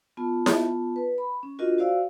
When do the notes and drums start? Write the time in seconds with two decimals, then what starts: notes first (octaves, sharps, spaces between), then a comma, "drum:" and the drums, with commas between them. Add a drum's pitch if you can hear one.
0.17 B3 F4 A5
0.46 drum: snare E4
0.96 B4
1.18 B5
1.43 C#4
1.59 D4 F4 F#4 A#4 D#5
1.78 F#4 C5 D5 F5 E6